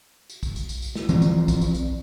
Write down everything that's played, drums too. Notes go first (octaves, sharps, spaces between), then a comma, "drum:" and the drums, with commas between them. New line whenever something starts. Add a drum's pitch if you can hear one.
drum: tambourine
drum: kick, tambourine
drum: tambourine
drum: tambourine
drum: tambourine
drum: snare
E3 F3 C4, drum: tambourine
drum: tambourine
drum: kick, tambourine
drum: tambourine
drum: tambourine